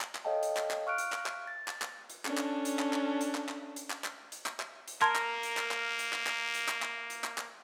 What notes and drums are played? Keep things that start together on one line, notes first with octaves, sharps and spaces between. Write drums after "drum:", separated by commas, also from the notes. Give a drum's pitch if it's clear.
drum: clap
drum: clap
A4 C#5 D#5 F5 G5 A5
drum: hi-hat
drum: clap
drum: clap
F5 C#6 F6 F#6 D7
drum: hi-hat
drum: clap
drum: clap
A6
drum: clap
drum: clap
drum: hi-hat
C#4 D4 A4, drum: clap
drum: clap
drum: hi-hat
drum: clap
drum: clap
drum: hi-hat
drum: clap
drum: clap
drum: hi-hat
drum: clap
drum: clap
drum: hi-hat
drum: clap
drum: clap
drum: hi-hat
A#3 A#4 A5 C6 G#6, drum: clap
drum: clap
drum: hi-hat
drum: clap
drum: clap
drum: hi-hat
drum: clap
drum: clap
drum: hi-hat
drum: clap
drum: clap
drum: hi-hat
drum: clap
drum: clap